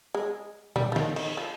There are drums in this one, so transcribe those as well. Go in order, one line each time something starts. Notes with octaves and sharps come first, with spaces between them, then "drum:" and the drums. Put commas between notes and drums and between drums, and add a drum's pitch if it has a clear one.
G#3
G3, drum: tom A#2
F3
D#3, drum: snare
D#3, drum: cymbal
F3